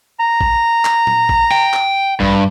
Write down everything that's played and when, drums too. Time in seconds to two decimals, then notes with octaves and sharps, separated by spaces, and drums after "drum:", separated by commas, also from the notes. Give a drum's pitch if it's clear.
0.20 A#5
0.41 drum: kick A1
0.85 drum: clap
1.07 drum: tom A#2
1.29 drum: kick A1
1.51 G5
1.74 drum: clap
2.20 G2, drum: kick A1